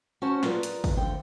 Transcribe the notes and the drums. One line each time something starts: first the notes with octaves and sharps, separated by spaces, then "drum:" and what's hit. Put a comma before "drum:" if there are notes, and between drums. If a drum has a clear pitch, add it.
C#4 F#4 C5 F#5 A5
F4 G#4 A#4 B4 D5, drum: snare
drum: hi-hat
drum: kick, open hi-hat
D2 D3 C5 F5 G5